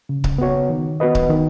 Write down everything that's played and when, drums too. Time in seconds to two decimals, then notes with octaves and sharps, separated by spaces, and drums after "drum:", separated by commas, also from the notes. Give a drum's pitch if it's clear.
0.09 C#3
0.24 drum: kick C#1
0.38 B3 F#4 C#5
0.70 D#3
1.00 B3 F#4 B4 D#5
1.15 drum: kick C#1
1.30 D#3